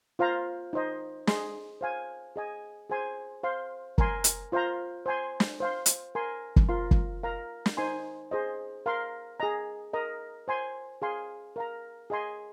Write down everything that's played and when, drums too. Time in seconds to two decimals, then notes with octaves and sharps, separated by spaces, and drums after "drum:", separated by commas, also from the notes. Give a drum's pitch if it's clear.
0.19 F4 C5 F5 A#5
0.73 D#4 C5 D#5
1.27 G#4 D#5 C6, drum: snare
1.81 C5 F5 G#5
2.36 G#4 D#5 G#5
2.90 G#4 C5 G#5 C6
3.44 C5 F5 C6
3.98 A#4 G#5 C6, drum: kick
4.24 drum: hi-hat
4.52 F4 C5 F5 A#5
5.06 C5 G#5 C6
5.40 drum: snare
5.60 C5 F5 C6
5.86 drum: hi-hat
6.15 A#4 G#5 C6
6.56 drum: kick
6.69 F4 A#4 F5 C6
6.91 drum: kick
7.23 A#4 F5 A#5
7.66 drum: snare
7.77 D#4 C5 G#5 C6
8.31 G#4 C5 D#5
8.86 A#4 F5 C6
9.40 G#4 D#5 A#5
9.93 A#4 D#5 A#5
10.48 C5 G#5 C6
11.02 G#4 F5 G#5 C6
11.56 A#4 F5 A#5
12.10 G#4 D#5 G#5 C6